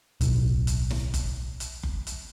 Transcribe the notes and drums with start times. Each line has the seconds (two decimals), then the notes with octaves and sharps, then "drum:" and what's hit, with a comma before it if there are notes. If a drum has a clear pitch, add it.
0.21 D1 B1, drum: hi-hat
0.67 drum: hi-hat
0.90 drum: snare
1.14 drum: kick F#1, hi-hat
1.60 drum: hi-hat
1.83 drum: kick F#1
2.07 drum: hi-hat